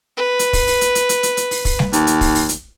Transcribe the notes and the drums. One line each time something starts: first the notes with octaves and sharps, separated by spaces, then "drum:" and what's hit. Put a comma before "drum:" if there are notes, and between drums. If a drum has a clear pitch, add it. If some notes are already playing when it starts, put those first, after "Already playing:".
B4
drum: hi-hat
drum: kick, open hi-hat
drum: open hi-hat
drum: hi-hat
drum: hi-hat
drum: hi-hat
drum: hi-hat
drum: hi-hat
drum: open hi-hat
drum: kick, open hi-hat
drum: snare G3
D#2, drum: hi-hat
drum: hi-hat
drum: kick, open hi-hat
drum: open hi-hat
drum: hi-hat